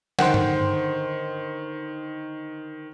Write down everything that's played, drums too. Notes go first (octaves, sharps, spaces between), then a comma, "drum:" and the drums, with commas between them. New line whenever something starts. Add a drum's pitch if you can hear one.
D3 D#3 C5 F#5 G5 C6, drum: snare
drum: tom G2